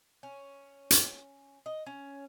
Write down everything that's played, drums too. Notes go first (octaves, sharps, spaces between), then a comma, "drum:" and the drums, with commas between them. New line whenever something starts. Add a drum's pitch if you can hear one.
C#4
drum: hi-hat
D#5
C#4